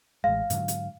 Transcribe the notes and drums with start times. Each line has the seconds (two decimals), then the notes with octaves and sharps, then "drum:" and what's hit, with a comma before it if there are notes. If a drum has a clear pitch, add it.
0.24 A1 G#3 F5
0.50 G#2 D3 F#3, drum: hi-hat
0.68 drum: hi-hat